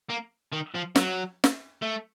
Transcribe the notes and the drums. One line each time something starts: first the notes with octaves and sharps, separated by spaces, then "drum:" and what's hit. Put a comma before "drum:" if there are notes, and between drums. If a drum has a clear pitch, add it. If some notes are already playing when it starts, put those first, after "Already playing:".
A#3
D#3
F3
F#3, drum: snare
drum: snare
A3